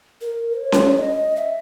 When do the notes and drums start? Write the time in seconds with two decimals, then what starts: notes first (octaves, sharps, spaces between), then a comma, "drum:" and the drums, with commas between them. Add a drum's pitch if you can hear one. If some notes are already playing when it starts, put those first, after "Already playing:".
0.21 A#4
0.59 C#5
0.72 drum: snare C#4
0.98 D#5
1.36 E5